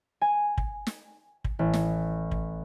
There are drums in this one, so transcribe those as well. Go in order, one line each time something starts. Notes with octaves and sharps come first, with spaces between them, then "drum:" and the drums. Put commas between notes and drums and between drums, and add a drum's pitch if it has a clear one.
G#5
drum: kick
drum: snare
drum: kick
A1
drum: snare
drum: kick